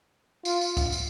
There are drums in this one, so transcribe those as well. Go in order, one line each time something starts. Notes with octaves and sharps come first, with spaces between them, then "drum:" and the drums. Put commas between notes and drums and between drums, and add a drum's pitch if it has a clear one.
F4, drum: tambourine
drum: tambourine
drum: kick C#2, tambourine
drum: tambourine